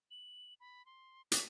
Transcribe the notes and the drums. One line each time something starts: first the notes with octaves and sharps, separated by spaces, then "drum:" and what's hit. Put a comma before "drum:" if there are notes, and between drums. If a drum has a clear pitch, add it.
F#7
B5
C6
B6, drum: hi-hat